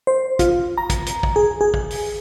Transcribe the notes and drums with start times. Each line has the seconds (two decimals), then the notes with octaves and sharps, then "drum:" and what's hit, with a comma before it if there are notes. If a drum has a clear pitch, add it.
0.07 C5
0.39 F4, drum: kick, hi-hat
0.78 A#5
0.90 drum: kick, hi-hat
1.06 drum: hi-hat
1.23 drum: kick
1.36 G#4
1.61 G#4
1.74 drum: kick
1.91 drum: open hi-hat